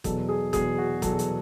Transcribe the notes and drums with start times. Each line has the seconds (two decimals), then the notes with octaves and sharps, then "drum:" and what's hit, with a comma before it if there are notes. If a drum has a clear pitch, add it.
0.04 E2 B2 F#3 A4, drum: kick F#1, hi-hat
0.29 G#4
0.53 E2 B2 F#3 G#4, drum: kick F#1, hi-hat
0.78 F#4
1.02 E2 B2 F#3 A4, drum: kick F#1, hi-hat
1.19 drum: hi-hat